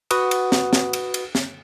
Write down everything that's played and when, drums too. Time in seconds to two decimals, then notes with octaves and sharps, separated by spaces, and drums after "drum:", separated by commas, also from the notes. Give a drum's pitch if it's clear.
0.11 F#4 B4 F#5 D#6, drum: cymbal
0.31 drum: cymbal
0.52 drum: snare
0.73 drum: snare
0.93 drum: cymbal
1.14 drum: cymbal
1.35 drum: snare